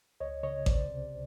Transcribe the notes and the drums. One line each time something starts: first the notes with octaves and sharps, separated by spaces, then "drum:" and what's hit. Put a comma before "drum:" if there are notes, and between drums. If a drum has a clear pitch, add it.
C#2 C#5 D#5
C#3 C#5 D#5
C2 C5 D5, drum: kick A1
C3